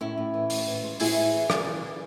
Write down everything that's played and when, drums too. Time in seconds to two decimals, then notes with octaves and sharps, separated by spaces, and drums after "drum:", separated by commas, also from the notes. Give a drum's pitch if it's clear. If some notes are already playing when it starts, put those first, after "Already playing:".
0.01 A2 C#4 E4
0.18 A2
0.34 E3
0.50 A2, drum: open hi-hat
0.68 E3
0.83 G#3
1.00 A2 E4 G#4, drum: open hi-hat
1.16 G#3
1.34 E3
1.50 E3, drum: rim click
1.67 E3
1.82 E3